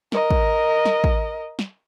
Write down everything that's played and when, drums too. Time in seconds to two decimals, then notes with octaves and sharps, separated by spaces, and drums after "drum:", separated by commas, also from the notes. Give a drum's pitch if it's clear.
0.12 A#4 D#5, drum: snare
0.31 drum: kick
0.85 drum: snare
1.04 drum: kick
1.59 drum: snare